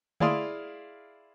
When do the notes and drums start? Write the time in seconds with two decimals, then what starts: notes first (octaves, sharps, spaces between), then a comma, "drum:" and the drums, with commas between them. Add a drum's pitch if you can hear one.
0.20 E4 G#4 D5 F5 C6 D#6, drum: tom D3